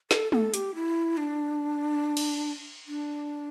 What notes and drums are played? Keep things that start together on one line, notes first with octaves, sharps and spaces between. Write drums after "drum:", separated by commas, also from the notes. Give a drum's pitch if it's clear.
A4, drum: snare
A4, drum: tom G#3
G4, drum: hi-hat
E4
D4
drum: cymbal
D4